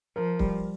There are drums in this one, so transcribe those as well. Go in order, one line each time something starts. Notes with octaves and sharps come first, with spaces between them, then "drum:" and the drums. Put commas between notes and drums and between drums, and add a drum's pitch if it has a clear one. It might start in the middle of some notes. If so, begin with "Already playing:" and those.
F3 A#4
G3, drum: kick C#1